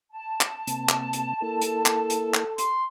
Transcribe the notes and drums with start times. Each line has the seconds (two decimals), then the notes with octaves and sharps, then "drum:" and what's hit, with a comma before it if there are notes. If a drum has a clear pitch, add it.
0.11 A5
0.41 drum: clap
0.67 C3 A#3 C4, drum: hi-hat
0.89 drum: clap
1.13 drum: hi-hat
1.42 A#3 E4 A4 A#4
1.62 drum: hi-hat
1.86 drum: clap
2.10 drum: hi-hat
2.34 drum: clap
2.58 C6, drum: hi-hat